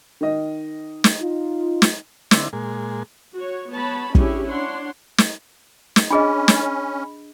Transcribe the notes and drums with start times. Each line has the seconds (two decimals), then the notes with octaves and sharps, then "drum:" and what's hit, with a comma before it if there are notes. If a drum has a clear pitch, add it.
0.21 D#3 D#5
1.04 drum: snare
1.20 D#4 F4
1.82 drum: snare
2.31 D3 C4 E4, drum: snare
2.53 A#2 G#3
3.36 F#4 C#5
3.72 B3 C#5 A5 B5
4.15 C#4 D4 E4 G4 G#4 C#5, drum: kick
4.49 D4 C#5 F#5 C6
5.18 drum: snare
5.96 drum: snare
6.11 C#4 D4 G#4 D#5 B5
6.48 drum: snare